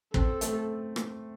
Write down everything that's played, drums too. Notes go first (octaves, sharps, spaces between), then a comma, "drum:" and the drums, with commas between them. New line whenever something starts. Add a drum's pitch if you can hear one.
C4 A4, drum: kick
A3, drum: hi-hat
drum: rim click